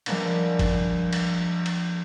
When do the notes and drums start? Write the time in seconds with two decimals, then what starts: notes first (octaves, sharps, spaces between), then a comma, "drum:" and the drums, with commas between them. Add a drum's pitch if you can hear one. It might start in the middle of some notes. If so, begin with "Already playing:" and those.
0.06 F3 G3 G#3 A#3 B3 D4, drum: cymbal
0.59 drum: kick, cymbal
1.13 drum: cymbal
1.66 drum: cymbal